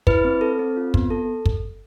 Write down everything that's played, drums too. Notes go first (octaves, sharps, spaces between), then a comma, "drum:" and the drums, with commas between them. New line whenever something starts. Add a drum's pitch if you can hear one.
E4 B4, drum: kick
C4
A4
C4
F4
B3, drum: kick
A4
drum: kick